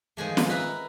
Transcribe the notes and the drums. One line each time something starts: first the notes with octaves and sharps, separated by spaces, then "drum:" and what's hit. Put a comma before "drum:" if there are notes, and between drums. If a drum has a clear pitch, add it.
D#3 F3 G#3 A3
drum: snare
A#4 B4 E5 A#5